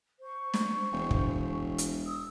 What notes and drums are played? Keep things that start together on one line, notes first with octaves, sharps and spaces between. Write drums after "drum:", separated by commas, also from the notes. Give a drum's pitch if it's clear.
C5 C#6
drum: snare
E1
drum: kick
drum: hi-hat
D#6 E6